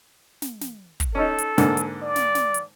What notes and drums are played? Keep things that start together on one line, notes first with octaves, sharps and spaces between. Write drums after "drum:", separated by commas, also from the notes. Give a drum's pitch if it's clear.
drum: snare
drum: snare
drum: kick, hi-hat
C#4 D#4 A4
drum: hi-hat
G#2 D3 A#3, drum: snare
drum: hi-hat
D5
drum: snare
drum: snare
drum: hi-hat